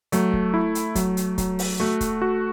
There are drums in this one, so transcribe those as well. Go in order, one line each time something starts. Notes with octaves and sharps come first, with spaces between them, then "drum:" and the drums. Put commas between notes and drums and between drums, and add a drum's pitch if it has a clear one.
F#3 A3, drum: hi-hat
drum: kick C#1
E4
drum: hi-hat
F#3, drum: kick C#1, hi-hat
drum: hi-hat
F#3, drum: kick C#1, hi-hat
drum: open hi-hat
A3 F#4
drum: kick C#1, hi-hat
F#4